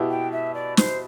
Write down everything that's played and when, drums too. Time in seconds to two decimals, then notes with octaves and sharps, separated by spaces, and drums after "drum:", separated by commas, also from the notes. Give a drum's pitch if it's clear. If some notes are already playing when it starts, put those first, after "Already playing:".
Already playing: B2 B3 E4 G4
0.10 G5
0.32 E5
0.54 D5
0.77 C5, drum: snare